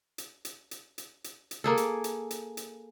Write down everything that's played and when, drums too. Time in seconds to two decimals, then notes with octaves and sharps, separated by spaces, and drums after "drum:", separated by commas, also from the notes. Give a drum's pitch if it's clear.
0.18 drum: hi-hat
0.45 drum: hi-hat
0.71 drum: hi-hat
0.98 drum: hi-hat
1.24 drum: hi-hat
1.51 drum: hi-hat
1.64 A#3 G#4 A4
1.77 drum: hi-hat
2.04 drum: hi-hat
2.31 drum: hi-hat
2.57 drum: hi-hat